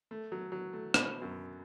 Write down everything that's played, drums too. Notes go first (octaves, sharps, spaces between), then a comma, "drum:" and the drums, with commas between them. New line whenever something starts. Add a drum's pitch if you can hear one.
A3
F#3
F#3
A3
B2, drum: rim click
F#2